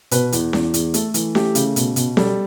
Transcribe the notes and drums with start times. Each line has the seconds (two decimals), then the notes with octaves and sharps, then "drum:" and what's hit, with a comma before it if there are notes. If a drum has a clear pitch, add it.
0.11 B2 B4, drum: hi-hat
0.32 E2, drum: hi-hat
0.53 E2, drum: snare C#4
0.74 E2, drum: hi-hat
0.94 A3 A4, drum: hi-hat
1.14 E3, drum: hi-hat
1.35 A3 G4, drum: snare C#4
1.55 C#3, drum: hi-hat
1.76 B2, drum: hi-hat
1.96 B2, drum: hi-hat
2.17 G3 A4, drum: snare C#4